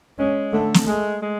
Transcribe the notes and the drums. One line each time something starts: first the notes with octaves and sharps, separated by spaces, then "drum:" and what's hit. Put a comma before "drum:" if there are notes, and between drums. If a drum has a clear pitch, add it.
G#3 C#4
D3 A3
drum: snare
G#3 A3
G#3